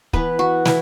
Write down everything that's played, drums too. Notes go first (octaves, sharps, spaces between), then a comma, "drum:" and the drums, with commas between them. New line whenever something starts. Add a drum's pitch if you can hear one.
E3 B3 B4, drum: kick
F#4
E3 E4, drum: snare